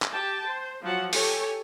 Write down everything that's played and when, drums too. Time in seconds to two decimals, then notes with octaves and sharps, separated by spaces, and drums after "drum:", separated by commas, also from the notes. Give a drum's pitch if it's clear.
0.02 drum: clap
0.11 G4 G5 A5
0.45 C5
0.82 F3 F#3 F#4 F#5 A5
1.13 G4 A4 C#5 G#5, drum: open hi-hat